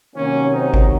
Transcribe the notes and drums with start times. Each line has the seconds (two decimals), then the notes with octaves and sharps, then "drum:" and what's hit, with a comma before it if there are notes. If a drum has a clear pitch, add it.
0.16 C3 D#3 F#3 A#3 C#4
0.52 C4 D#4
0.74 drum: kick G#1